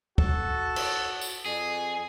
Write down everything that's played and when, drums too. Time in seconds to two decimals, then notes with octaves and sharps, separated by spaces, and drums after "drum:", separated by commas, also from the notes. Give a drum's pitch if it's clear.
0.18 F#4 A4 A5, drum: kick
0.76 drum: cymbal
1.21 drum: tambourine
1.46 F2 G#4